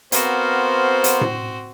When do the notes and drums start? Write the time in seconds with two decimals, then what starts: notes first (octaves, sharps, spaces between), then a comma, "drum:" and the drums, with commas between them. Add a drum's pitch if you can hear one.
0.12 B3 C4 F#4 A#4 C5 F5, drum: hi-hat
1.04 drum: hi-hat
1.21 drum: tom A2